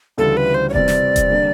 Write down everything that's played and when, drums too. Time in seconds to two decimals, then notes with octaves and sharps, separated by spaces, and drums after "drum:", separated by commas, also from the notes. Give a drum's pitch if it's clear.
0.18 D2 C#3 E3 G3 A4
0.37 B4
0.54 C5
0.69 C#5
0.74 C3 E3 G3 C4 D5, drum: kick E1
0.88 drum: snare
1.16 drum: kick E1, hi-hat
1.30 D3 G3 A#3 D4